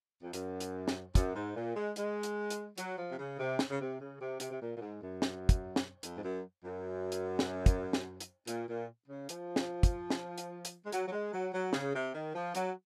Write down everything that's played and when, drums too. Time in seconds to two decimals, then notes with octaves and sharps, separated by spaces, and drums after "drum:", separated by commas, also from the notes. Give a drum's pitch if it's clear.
0.22 F2
0.33 F#2, drum: hi-hat
0.60 drum: hi-hat
0.88 drum: snare
1.15 F#2, drum: kick, hi-hat
1.35 G#2
1.55 A#2
1.75 G#3
1.96 G#3, drum: hi-hat
2.23 drum: hi-hat
2.50 drum: hi-hat
2.78 F#3, drum: hi-hat
2.98 F3
3.10 C3
3.19 C#3
3.39 C3
3.59 drum: snare
3.71 C#3
3.80 C3
4.00 C#3
4.20 C3
4.40 C3, drum: hi-hat
4.51 C3
4.61 A#2
4.77 A#2
4.81 G#2
5.01 F#2
5.22 drum: snare
5.49 drum: kick, hi-hat
5.76 drum: snare
6.03 F2, drum: hi-hat
6.15 G#2
6.24 F#2
6.64 F#2
7.12 drum: hi-hat
7.39 drum: snare
7.66 drum: kick, hi-hat
7.93 drum: snare
8.20 drum: hi-hat
8.47 A#2, drum: hi-hat
8.68 A#2
9.08 C#3
9.29 F3, drum: hi-hat
9.56 drum: snare
9.83 drum: kick, hi-hat
10.10 drum: snare
10.38 drum: hi-hat
10.65 drum: hi-hat
10.84 G#3
10.92 F#3, drum: hi-hat
11.08 F#3
11.12 G#3
11.32 F#3
11.53 F#3
11.73 C#3, drum: snare
11.93 C3
12.14 D#3
12.34 F3
12.55 F#3, drum: hi-hat